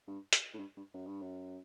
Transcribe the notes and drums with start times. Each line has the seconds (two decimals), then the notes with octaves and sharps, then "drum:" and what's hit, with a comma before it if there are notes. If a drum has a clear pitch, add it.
0.08 G2
0.33 drum: hi-hat
0.54 A2
0.59 G2
0.77 G2
0.94 F#2
1.07 G2
1.21 F#2